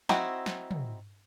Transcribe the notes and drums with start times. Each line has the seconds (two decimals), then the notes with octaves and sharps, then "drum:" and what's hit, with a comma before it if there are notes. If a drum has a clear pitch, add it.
0.09 C4 D#4 E4 F#4, drum: snare
0.46 drum: snare
0.71 drum: tom